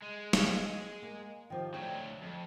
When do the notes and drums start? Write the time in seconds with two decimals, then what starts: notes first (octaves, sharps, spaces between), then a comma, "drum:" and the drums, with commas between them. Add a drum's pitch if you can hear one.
0.03 G#3
0.33 drum: snare
1.03 A#3
1.50 D#3 F3 G4
1.74 D2 F#3 G5
2.22 F2